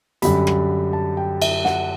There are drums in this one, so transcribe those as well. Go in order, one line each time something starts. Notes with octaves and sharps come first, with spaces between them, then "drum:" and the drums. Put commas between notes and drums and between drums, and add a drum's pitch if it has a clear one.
F#2 D3 G3 B5, drum: hi-hat
drum: rim click
A5
G5
E5, drum: cymbal
F#5, drum: snare